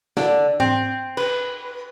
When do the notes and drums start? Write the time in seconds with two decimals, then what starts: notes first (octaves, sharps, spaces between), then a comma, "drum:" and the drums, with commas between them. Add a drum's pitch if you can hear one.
0.17 D3, drum: snare
0.60 C4, drum: tom G#2
1.17 B4, drum: cymbal